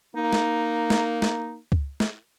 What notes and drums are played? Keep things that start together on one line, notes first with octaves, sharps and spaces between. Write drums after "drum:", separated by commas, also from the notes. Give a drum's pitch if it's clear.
A#3 D#4
drum: snare
drum: snare
drum: snare
drum: kick C#2
drum: snare